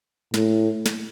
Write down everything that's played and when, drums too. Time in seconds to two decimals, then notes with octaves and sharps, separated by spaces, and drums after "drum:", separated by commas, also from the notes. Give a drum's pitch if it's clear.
0.34 A2, drum: snare
0.86 drum: snare